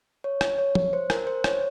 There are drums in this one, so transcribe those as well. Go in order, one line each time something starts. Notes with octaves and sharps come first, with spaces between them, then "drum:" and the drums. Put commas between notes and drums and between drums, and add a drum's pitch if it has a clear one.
C#5
drum: rim click
C#5
drum: tom
C5
A#4, drum: rim click
C5
C#5, drum: rim click